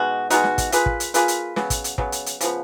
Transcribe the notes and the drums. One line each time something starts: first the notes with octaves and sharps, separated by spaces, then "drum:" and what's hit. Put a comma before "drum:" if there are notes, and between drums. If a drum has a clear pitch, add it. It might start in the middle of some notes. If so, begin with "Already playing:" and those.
Already playing: B2 G#3 D#4 F#4
B2 G#3 D#4 F#4, drum: hi-hat
drum: snare
drum: kick, hi-hat
A#3 F4 G#4 B4, drum: hi-hat
drum: kick
drum: hi-hat
A#3 F4 G#4 B4, drum: hi-hat
drum: hi-hat
C#3 F#3 B3, drum: snare
drum: kick, hi-hat
drum: hi-hat
C#3 F#3 B3, drum: kick
drum: hi-hat
drum: hi-hat
C#3 F3 B3, drum: hi-hat